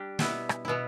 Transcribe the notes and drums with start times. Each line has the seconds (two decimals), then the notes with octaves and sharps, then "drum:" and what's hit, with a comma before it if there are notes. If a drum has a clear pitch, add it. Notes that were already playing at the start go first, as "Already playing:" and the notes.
Already playing: G3 D4 G4
0.19 B2 B3 E4, drum: snare
0.49 drum: rim click
0.65 B2 B3 E4